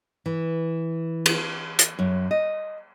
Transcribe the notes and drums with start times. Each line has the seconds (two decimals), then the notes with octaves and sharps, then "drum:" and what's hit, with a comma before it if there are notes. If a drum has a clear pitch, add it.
0.26 E3
1.26 drum: cymbal
1.79 drum: hi-hat
1.99 F#2
2.31 D#5